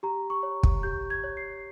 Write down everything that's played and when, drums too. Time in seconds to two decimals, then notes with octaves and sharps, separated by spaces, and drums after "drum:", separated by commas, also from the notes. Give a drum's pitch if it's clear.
0.03 G4 A#5
0.30 C#6
0.43 C#5
0.63 drum: kick
0.83 G4 G6
1.10 G#6
1.24 C#5
1.37 C7